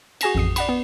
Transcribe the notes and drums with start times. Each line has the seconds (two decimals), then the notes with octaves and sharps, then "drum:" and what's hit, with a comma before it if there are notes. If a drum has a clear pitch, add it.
0.21 F#4 G#4 G#5 A#6 E7, drum: cymbal
0.34 A1 F2 D#6 C7
0.56 D5 F#5 B5, drum: cymbal
0.69 B3